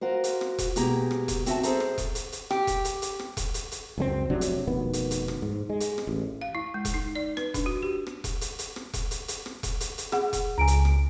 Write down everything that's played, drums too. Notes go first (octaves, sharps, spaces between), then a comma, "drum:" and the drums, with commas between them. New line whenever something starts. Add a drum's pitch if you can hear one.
F4 F#4 A#4 C5
drum: hi-hat
drum: rim click
drum: kick E1, hi-hat
B2 G#3 A#3 G4 G#4 A#5, drum: hi-hat
drum: rim click
drum: kick E1, hi-hat
C4 F#4 E5 A5, drum: hi-hat
G#4 A4 C5 A#5, drum: hi-hat
drum: rim click
drum: kick E1, hi-hat
drum: hi-hat
drum: hi-hat
G4, drum: rim click
drum: kick E1, hi-hat
drum: hi-hat
drum: hi-hat
drum: rim click
drum: kick E1, hi-hat
drum: hi-hat
drum: hi-hat
C#2 F#2 G3 C4
F1 C3 F#3 D4
drum: hi-hat
F1 B2 D#3 B3
drum: hi-hat
drum: hi-hat
drum: rim click
G#2
G#3
drum: hi-hat
drum: rim click
A1
F5
E4
G#3
drum: kick E1, hi-hat
D#4
D5
B4, drum: rim click
D4, drum: kick E1, hi-hat
F#4
G4
drum: rim click
drum: kick E1, hi-hat
drum: hi-hat
drum: hi-hat
drum: rim click
drum: kick E1, hi-hat
drum: hi-hat
drum: hi-hat
drum: rim click
drum: kick E1, hi-hat
drum: hi-hat
drum: hi-hat
G#4 F#5, drum: rim click
drum: kick E1, hi-hat
C#2 G#5 A#5 D7
drum: hi-hat
drum: rim click